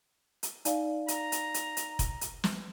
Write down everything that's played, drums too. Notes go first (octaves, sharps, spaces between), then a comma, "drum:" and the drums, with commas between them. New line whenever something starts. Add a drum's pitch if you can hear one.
drum: hi-hat
D#4 D5 F5, drum: hi-hat
A#5, drum: hi-hat
drum: hi-hat
drum: hi-hat
drum: hi-hat
drum: kick F1, hi-hat
drum: hi-hat
drum: snare